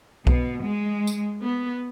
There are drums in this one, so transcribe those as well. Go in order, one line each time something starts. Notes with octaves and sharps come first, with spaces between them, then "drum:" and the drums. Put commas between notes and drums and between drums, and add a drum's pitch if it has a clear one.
B2, drum: kick B1
G#3
drum: tambourine
B3